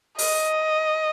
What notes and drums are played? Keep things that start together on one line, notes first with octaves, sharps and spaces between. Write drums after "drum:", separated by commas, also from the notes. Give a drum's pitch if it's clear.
D#5, drum: open hi-hat